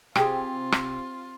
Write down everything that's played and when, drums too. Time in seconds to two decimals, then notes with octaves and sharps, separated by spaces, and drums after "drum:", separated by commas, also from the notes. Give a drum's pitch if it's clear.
0.16 C3 F4 G4 G#4 G5, drum: rim click
0.72 drum: rim click